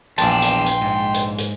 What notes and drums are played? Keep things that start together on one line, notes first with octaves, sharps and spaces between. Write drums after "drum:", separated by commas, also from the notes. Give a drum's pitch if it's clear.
A#1 E2 D4 G5 A5 C6, drum: hi-hat
drum: hi-hat
drum: hi-hat
G#2
drum: hi-hat
drum: hi-hat